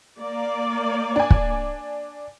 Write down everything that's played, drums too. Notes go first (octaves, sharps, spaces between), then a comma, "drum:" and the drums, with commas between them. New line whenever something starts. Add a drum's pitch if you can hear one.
A#3 D5
D4 G#5
drum: kick